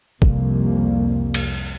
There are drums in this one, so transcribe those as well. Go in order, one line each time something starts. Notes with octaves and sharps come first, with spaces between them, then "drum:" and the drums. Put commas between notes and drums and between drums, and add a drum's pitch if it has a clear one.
C2 F2 C3 G3 A#3, drum: kick
drum: cymbal